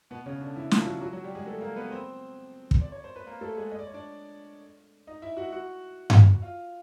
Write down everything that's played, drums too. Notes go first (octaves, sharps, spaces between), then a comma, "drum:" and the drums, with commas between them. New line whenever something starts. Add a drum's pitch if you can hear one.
B2 B3
C#3 C#4
D3 D4
E3 E4
F3 F4, drum: snare
F#3 F#4
F#3 F#4
F#3 F#4
G3 G4
G#3 G#4
A3 A4
A#3 A#4
B3 B4
C4 C5
drum: kick
D5
C#5
C5
B4
A#3 A#4
A3 A4
G#3 G#4
D#5
D5
C#5
D4 D5
D#4 D#5
E4 E5
F#4 F#5
F#4 F#5
drum: tom G2
F4 F5